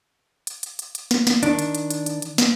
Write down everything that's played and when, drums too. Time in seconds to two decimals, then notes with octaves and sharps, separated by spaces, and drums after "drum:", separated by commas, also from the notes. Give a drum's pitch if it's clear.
0.47 drum: hi-hat
0.63 drum: hi-hat
0.79 drum: hi-hat
0.95 drum: hi-hat
1.11 drum: snare
1.27 drum: snare
1.43 D#3 D4, drum: hi-hat
1.59 drum: hi-hat
1.75 drum: hi-hat
1.90 drum: hi-hat
2.06 drum: hi-hat
2.22 drum: hi-hat
2.38 drum: snare